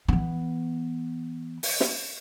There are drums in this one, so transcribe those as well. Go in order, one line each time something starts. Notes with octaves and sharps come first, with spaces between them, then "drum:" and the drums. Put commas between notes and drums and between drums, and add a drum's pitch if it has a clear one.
E3 B3
drum: open hi-hat
drum: snare